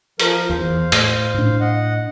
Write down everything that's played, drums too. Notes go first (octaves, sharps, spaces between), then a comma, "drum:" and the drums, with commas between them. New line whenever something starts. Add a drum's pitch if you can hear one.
F3 A#4, drum: hi-hat
E2 C5 F5
A2, drum: hi-hat
A2 D4
D#5 F#5